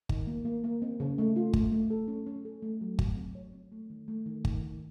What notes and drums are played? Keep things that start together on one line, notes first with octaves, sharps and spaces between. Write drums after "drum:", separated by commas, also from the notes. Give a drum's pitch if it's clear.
D#3, drum: kick G1
A#3
A#3
A#3
C4
C#3
A3
F4
A3, drum: kick G1
A3
A4
C#4
C#4
A4
A3
F#3
F#4, drum: kick G1
C4
C#5
C4
A3
D#3
A3
D#3
D#3, drum: kick G1
D#3